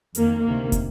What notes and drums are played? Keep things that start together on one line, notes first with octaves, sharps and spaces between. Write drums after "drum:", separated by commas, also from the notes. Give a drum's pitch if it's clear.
F2 D#3 A#3, drum: hi-hat
D2 C3 D#3 A#3
drum: kick, hi-hat